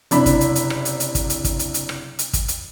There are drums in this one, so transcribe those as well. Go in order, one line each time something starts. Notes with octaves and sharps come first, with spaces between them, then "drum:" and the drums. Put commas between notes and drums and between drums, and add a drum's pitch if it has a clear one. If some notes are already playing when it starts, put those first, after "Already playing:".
F#1 C3 D4 E4 B5, drum: hi-hat
drum: kick, hi-hat
drum: hi-hat
drum: hi-hat
drum: rim click
drum: hi-hat
drum: hi-hat
drum: kick, hi-hat
drum: hi-hat
drum: kick, hi-hat
drum: hi-hat
drum: hi-hat
drum: rim click
drum: hi-hat
drum: kick, hi-hat
drum: hi-hat